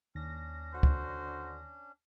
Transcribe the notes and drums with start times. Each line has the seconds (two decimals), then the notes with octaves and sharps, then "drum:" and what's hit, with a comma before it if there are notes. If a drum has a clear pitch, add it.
0.15 D#2 C#4 D4 A#6
0.72 D3 F#4 C5
0.83 drum: kick C#2